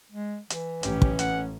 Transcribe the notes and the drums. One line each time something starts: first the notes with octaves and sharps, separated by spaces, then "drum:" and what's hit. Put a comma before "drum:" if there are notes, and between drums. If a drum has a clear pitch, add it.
G#3
E3, drum: hi-hat
A1 C#4 G4, drum: hi-hat
drum: kick
F#5, drum: hi-hat